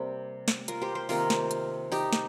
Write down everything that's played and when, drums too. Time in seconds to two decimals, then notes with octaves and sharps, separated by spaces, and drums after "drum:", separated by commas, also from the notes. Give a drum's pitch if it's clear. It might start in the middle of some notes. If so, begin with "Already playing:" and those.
Already playing: C3 G3 A#3
0.48 drum: snare
0.68 F4 A#4, drum: hi-hat
0.82 G4 C5
0.95 G4 C5
1.09 C3 D#3 A#3 F4 A#4, drum: open hi-hat
1.30 drum: snare
1.51 drum: hi-hat
1.92 D#4 G4, drum: open hi-hat
2.13 drum: snare